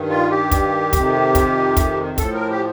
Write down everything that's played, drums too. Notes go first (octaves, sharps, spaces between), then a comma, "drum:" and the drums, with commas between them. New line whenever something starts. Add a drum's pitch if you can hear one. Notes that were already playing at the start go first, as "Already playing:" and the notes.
Already playing: G2 D#3
F4
G4
drum: kick, hi-hat
F2 C3 D#3, drum: kick, hi-hat
drum: kick, hi-hat
drum: kick, hi-hat
A2 F3 A4, drum: kick, hi-hat
A#4
G4